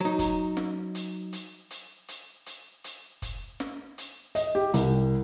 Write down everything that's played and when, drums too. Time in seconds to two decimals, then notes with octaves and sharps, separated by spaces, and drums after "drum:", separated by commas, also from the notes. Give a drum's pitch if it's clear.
0.01 F#3 D#4
0.19 drum: kick, hi-hat
0.57 drum: snare
0.95 drum: hi-hat
1.33 drum: hi-hat
1.70 drum: hi-hat
2.08 drum: hi-hat
2.46 drum: hi-hat
2.84 drum: hi-hat
3.22 drum: kick, hi-hat
3.60 drum: snare
3.98 drum: hi-hat
4.35 D#5, drum: hi-hat
4.55 G4
4.74 C2, drum: hi-hat